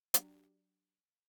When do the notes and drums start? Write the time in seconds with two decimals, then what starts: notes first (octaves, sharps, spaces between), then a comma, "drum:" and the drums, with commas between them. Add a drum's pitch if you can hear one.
0.14 F#3 D4 G4, drum: hi-hat